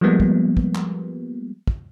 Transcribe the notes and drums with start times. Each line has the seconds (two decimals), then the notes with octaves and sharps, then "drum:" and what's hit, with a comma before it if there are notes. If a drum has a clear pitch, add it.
0.01 F3 G3 G#3 A#3 B3
0.20 drum: kick
0.57 drum: kick
0.75 drum: clap
1.67 drum: kick